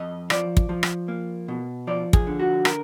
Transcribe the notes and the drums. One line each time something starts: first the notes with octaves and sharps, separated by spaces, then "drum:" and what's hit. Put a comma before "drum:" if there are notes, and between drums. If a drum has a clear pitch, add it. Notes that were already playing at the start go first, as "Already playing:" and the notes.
Already playing: F2 D#5
F3 D5, drum: rim click
drum: kick
F3
drum: rim click
A#3
B2
F3 D5
G#4, drum: kick
D3
F#4
A#4, drum: rim click